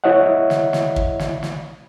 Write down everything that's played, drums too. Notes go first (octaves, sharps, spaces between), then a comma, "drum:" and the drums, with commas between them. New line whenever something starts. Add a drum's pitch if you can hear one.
E4 C#5 D#5 E5 F#5
drum: snare
drum: snare
drum: kick
drum: snare
drum: snare